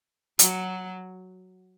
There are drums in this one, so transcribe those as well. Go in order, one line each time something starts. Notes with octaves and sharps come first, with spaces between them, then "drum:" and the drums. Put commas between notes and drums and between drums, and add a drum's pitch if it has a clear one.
F#3 F#4, drum: hi-hat